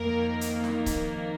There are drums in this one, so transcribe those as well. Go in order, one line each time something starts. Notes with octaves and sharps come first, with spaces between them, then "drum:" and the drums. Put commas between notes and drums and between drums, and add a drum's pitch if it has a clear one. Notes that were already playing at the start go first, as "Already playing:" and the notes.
Already playing: F2 D#3 A#3 A#4
drum: hi-hat
drum: snare
drum: kick C#1, hi-hat